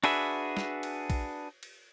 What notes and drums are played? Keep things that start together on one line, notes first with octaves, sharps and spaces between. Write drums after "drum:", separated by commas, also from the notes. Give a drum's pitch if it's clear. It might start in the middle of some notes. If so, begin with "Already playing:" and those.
D4 F#4 G#4 B4 E5, drum: cymbal
drum: snare
drum: cymbal
drum: kick A#1, cymbal
drum: cymbal